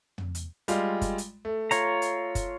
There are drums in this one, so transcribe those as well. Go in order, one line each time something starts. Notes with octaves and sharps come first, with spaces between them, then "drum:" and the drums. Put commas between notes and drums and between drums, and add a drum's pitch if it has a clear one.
drum: tom
drum: hi-hat
G3 G#3 F4, drum: hi-hat
drum: kick, hi-hat
drum: hi-hat
A3
F4 C#5 A#5, drum: hi-hat
drum: hi-hat
drum: kick, hi-hat